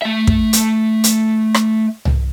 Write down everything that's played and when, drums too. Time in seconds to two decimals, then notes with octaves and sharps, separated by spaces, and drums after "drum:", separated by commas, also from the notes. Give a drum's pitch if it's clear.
0.02 A3 E5
0.27 drum: kick
0.53 drum: hi-hat
1.04 drum: hi-hat
1.54 drum: rim click
2.05 drum: tom